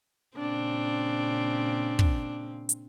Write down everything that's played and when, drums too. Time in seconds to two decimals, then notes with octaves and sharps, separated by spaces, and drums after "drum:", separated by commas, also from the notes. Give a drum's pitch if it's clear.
0.37 A#2 C#3 C4 D4
1.99 drum: kick
2.69 drum: hi-hat